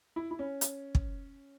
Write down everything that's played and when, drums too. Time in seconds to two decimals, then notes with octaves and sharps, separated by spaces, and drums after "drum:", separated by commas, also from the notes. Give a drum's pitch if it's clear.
0.16 E4
0.31 E4
0.39 C#4
0.61 drum: hi-hat
0.95 drum: kick